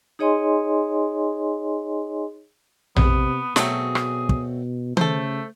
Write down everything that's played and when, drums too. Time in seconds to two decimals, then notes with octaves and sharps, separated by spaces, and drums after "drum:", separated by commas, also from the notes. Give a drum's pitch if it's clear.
0.19 D#4 G#4 C#5 D#5 G#5 C6
2.96 C3 B3, drum: tom A#1
3.56 B2 F#3 A3 C4 G#4, drum: snare
3.95 drum: rim click
4.29 drum: kick
4.97 C#3 A3 A4 C5, drum: tom D#3